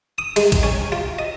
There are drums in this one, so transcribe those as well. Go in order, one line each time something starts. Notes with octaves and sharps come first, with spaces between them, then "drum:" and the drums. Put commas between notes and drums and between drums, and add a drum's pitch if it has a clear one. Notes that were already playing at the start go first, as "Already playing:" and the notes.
D#6
G#3, drum: cymbal
drum: kick A#1, cymbal
C#4
F4
D#5